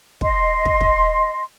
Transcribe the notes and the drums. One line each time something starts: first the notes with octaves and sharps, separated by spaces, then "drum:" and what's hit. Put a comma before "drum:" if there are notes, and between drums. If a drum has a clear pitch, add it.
D#5 C6, drum: kick
drum: kick
drum: kick